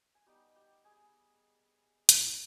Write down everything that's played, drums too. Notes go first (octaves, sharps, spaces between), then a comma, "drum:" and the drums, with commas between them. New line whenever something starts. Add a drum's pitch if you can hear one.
G#5
G3 B3 D#4 G4 G5
G4 G5
G#4 G#5
drum: hi-hat